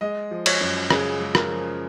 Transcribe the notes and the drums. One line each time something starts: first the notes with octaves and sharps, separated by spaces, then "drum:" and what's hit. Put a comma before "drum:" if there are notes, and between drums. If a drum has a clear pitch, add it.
G#3 D#5
F3
C#5, drum: cymbal
F#2
C#3 G#4, drum: rim click
G#3
A#4, drum: rim click
F3